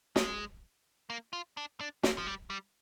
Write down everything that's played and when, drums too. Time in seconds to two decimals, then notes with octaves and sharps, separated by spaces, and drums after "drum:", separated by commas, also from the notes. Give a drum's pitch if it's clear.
0.16 G#3, drum: snare
1.10 A#3
1.33 F4
1.57 D4
1.80 D4
2.03 A#3, drum: snare
2.18 F3
2.26 G3
2.50 G3